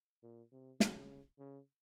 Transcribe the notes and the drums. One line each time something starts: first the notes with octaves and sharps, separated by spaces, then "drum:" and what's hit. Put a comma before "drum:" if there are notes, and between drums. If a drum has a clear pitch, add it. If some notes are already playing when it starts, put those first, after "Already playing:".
A#2
C3
C#3, drum: snare
C#3